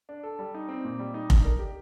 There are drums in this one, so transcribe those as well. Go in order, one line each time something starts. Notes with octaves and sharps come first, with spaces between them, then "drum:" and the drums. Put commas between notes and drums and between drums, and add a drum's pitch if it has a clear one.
D4
A4
G3
D#4
C4
A#2
G3
D#4
D4, drum: kick F1
A#4
G4